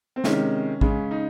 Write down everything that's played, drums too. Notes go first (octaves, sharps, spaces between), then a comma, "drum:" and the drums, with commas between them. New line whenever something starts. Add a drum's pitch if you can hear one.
C4
C3 D#3 G#3 C#4, drum: snare
C#3 G#3, drum: kick
D#4